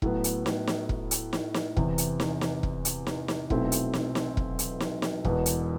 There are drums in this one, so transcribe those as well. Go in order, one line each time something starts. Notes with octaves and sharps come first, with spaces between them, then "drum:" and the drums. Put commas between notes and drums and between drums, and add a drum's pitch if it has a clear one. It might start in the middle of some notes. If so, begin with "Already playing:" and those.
A2 F#3 B3, drum: kick E1
drum: hi-hat
drum: snare
drum: snare
drum: kick E1
drum: hi-hat
drum: snare
drum: snare
E2 C3 E3, drum: kick E1
drum: hi-hat
drum: snare
drum: snare
drum: kick E1
drum: hi-hat
drum: snare
drum: snare
B1 B2 A3 C4 E4, drum: kick E1
drum: hi-hat
drum: snare
drum: snare
drum: kick E1
drum: hi-hat
drum: snare
drum: snare
E1 E2 B2, drum: kick E1
drum: hi-hat